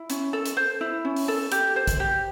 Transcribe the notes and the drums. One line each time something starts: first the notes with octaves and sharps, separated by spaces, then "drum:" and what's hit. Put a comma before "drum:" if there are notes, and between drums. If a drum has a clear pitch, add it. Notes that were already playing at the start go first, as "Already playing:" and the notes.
Already playing: E4
C#4, drum: hi-hat
A4
drum: hi-hat
C5
E4
C#4
drum: open hi-hat
A4
G4, drum: hi-hat
C5
drum: kick, hi-hat
G4